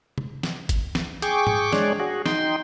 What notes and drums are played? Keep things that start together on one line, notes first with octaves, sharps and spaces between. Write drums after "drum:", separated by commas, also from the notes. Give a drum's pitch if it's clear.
drum: tom C3
drum: snare
drum: kick G#1, hi-hat
drum: snare
G#4 G5 C#6 D6, drum: hi-hat
drum: tom G#2
G#3 D4 G#4 C#5 D5, drum: snare
F#4 G#4
D#4 G5 C6, drum: snare